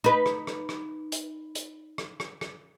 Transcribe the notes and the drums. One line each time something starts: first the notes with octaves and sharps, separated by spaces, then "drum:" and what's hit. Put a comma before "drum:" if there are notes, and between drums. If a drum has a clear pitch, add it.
D#4 B4
drum: rim click
drum: rim click
drum: rim click
drum: hi-hat
drum: hi-hat
drum: rim click
drum: rim click
drum: rim click